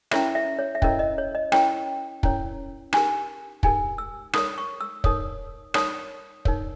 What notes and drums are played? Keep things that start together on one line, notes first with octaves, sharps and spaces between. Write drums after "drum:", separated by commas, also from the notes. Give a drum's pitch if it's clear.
C#4 E4 A#4 C#5 E5, drum: rim click
E5
C#5
E5
C#4 E4 A#4 C#5 D#5, drum: kick
D#5
C#5
D#5
C#4 E4 A#4 C#5 G5, drum: rim click
C#4 E4 A#4 C#5, drum: kick
D#4 G4 A#4 G#5, drum: rim click
D#4 G4 A#4 G#5, drum: kick
E6
D#4 A#4 C#5 D#6, drum: rim click
C#6
E6
D#4 A#4 C#5 D#6, drum: kick
D#4 A#4 C#5 D#6, drum: rim click
D#4 A#4 C#5, drum: kick